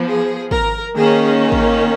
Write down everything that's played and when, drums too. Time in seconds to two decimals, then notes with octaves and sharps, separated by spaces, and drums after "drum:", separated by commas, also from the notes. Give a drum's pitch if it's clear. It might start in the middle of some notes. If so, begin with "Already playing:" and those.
Already playing: F3 B3
0.08 G#4
0.51 A#4, drum: kick
0.96 D#3 A#3 C#4 G#4
1.52 drum: kick